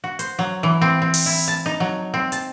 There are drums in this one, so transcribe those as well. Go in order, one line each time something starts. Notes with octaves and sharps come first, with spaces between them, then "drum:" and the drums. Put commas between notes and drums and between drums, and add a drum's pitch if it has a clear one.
F#4
C5, drum: hi-hat
F#3
E3
C4
C4
drum: open hi-hat
E4
A5
D#4
F#3
C4
A5, drum: hi-hat